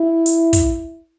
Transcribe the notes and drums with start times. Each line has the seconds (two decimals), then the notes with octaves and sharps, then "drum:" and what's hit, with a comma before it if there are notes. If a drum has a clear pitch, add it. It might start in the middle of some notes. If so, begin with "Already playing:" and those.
Already playing: E4
0.26 drum: hi-hat
0.53 drum: kick, hi-hat